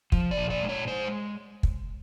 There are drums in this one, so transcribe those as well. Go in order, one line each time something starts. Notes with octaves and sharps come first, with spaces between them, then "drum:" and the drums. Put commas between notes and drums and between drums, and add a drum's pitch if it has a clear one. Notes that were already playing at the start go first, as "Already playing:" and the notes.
F3, drum: kick
D5
A#2
D5
G#3
C#5
G#3 C5
drum: kick